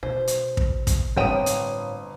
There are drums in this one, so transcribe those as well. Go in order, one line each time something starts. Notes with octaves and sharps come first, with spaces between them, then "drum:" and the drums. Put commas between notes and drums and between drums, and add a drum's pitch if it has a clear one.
B2 C5
drum: hi-hat
drum: kick
drum: kick, hi-hat
G1 A2 C4 C#5 F#5 G5 D#6 D#7
drum: hi-hat